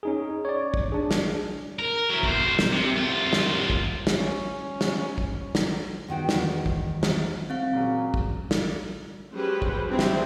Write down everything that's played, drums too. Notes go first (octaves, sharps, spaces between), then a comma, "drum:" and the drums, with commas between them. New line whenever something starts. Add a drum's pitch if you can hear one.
C#4 D#4 G#4
C#5 D5
drum: kick
D4 G#4
drum: snare
A#4
F#3 E4
B1 C5, drum: kick
drum: snare
C3
C2 F4
drum: snare
drum: kick
drum: snare
C#4
drum: snare
drum: kick
drum: snare
E2 D#3 F#4 G5
drum: snare
drum: kick
drum: snare
C4 F5
A#2 C#3 F#3
drum: kick
drum: snare
F#3 G#3 C#4 G4 B4 C5
drum: kick
G3 C4 D4 E4 G4 G#4
drum: snare